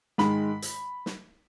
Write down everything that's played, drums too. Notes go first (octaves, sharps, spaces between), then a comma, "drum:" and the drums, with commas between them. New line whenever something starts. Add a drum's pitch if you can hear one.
G#2 D#3 G#3 B5, drum: snare
drum: hi-hat
drum: snare